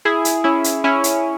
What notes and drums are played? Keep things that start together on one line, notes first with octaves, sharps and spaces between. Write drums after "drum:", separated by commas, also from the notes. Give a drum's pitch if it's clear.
E4 G#4
drum: hi-hat
C#4 E4
drum: hi-hat
C#4 E4
drum: hi-hat